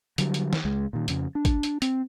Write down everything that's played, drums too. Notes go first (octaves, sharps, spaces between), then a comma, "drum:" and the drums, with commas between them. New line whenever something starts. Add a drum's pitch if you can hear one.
D3 F#3 G3, drum: hi-hat
drum: hi-hat
drum: snare
C#2 G#3
A#2 D#3
F2 C#3, drum: hi-hat
D4
drum: kick, hi-hat
drum: hi-hat
C4, drum: hi-hat